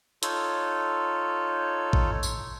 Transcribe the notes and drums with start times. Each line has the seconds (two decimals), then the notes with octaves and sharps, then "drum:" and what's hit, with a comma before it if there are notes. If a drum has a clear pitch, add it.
0.23 D#4 F4 A4 C#5, drum: hi-hat
1.93 drum: kick
2.23 drum: tambourine